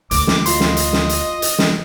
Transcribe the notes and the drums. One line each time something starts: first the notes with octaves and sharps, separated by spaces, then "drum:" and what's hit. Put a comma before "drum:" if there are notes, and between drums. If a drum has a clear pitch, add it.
D2 D6, drum: hi-hat
drum: snare
F4 D#5 C6, drum: hi-hat
drum: snare
drum: hi-hat
drum: snare
drum: hi-hat
drum: hi-hat
drum: snare